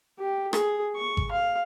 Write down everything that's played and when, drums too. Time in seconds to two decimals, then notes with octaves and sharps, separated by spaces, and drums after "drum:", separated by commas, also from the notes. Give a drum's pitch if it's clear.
0.19 G4
0.53 G#4, drum: rim click
0.96 C#6
1.17 drum: kick G#1
1.32 F5